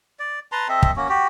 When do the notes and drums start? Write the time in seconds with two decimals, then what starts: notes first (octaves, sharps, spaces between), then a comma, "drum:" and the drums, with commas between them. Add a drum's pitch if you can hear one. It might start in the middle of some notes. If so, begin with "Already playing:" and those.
0.19 D5
0.52 B4 A5 A#5 C6
0.68 C4 A4 D#5 E5
0.83 drum: kick
0.96 A#3 C#4 F#4
1.09 F#4 G4